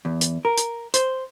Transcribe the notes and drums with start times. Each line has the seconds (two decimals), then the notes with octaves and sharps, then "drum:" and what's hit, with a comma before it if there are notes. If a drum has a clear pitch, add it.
0.05 E2
0.21 drum: hi-hat
0.45 A#4
0.58 drum: hi-hat
0.94 C5, drum: hi-hat